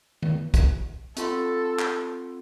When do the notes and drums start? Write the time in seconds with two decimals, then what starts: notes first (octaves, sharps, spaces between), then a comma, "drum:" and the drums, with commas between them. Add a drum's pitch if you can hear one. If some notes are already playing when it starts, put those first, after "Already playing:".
0.22 drum: tom D#3
0.54 drum: kick, hi-hat
1.16 C4 F4 A4 C6, drum: hi-hat
1.79 drum: clap